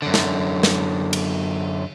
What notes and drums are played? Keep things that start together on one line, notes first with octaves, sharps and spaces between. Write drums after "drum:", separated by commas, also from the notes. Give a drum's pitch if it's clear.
F#2 D3
drum: snare
drum: snare
drum: cymbal